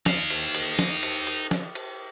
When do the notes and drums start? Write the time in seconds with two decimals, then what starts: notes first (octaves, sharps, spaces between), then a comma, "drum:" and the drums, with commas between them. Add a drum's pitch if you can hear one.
0.06 D#4 F5, drum: snare
0.30 drum: cymbal
0.55 drum: cymbal
0.79 drum: snare
1.03 drum: cymbal
1.27 drum: cymbal
1.51 drum: snare
1.75 drum: cymbal